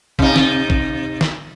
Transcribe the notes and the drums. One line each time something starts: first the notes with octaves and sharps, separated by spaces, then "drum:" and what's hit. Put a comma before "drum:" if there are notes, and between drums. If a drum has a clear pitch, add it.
C3 D#4, drum: kick
drum: snare
drum: kick
drum: snare